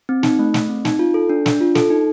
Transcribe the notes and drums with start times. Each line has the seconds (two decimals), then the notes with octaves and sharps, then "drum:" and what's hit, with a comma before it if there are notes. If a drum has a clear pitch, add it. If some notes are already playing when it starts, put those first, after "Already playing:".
0.09 C4
0.23 D#4, drum: snare
0.39 A3
0.54 A3, drum: snare
0.69 C4
0.85 D#4, drum: snare
0.99 F4
1.14 A4
1.29 D4
1.46 D4, drum: snare
1.61 F4
1.75 A4, drum: snare
1.90 D#4